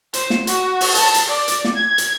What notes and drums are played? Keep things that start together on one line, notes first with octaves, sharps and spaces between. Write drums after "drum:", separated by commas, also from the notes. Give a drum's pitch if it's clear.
C5, drum: hi-hat
drum: snare
F#4, drum: hi-hat
drum: open hi-hat
A5, drum: hi-hat
drum: hi-hat
D5
drum: hi-hat
drum: snare
G#6
drum: hi-hat